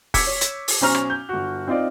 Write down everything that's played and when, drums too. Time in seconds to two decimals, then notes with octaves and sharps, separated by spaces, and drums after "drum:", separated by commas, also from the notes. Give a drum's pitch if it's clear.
0.14 D6 E6 G#6 B6 C#7, drum: kick, open hi-hat
0.27 C#5
0.41 drum: hi-hat
0.68 drum: open hi-hat
0.81 B1 C#4 C5 A#5 F6 F7
0.95 drum: rim click
1.10 G6
1.29 G1 F#4
1.68 C4 D#4 F4 D5